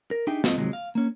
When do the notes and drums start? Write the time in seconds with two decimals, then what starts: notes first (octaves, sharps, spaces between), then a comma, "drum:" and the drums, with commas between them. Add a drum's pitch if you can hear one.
0.11 A#4
0.27 D4 D#4 G4 G#4 E5 G5
0.44 G#2 F3 C4 F4 A4 D#5, drum: snare
0.58 G#2 C3 D#3 F3 F#3 G#3
0.73 F5
0.95 A#3 C#4